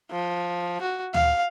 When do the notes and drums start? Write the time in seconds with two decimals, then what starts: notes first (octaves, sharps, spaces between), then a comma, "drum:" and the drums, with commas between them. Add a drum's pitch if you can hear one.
0.11 F3
0.82 F#4
1.14 F5, drum: tom D2